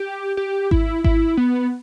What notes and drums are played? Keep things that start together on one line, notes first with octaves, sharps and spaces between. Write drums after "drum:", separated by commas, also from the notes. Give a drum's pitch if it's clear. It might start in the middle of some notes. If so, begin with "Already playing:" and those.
Already playing: G4
G4
E4, drum: kick G#1
E4, drum: kick G#1
B3